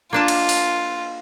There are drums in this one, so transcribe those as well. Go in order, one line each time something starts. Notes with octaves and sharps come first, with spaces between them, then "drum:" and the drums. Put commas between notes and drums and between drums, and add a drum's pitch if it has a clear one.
A#3 D4 F4 A5
drum: cymbal
drum: open hi-hat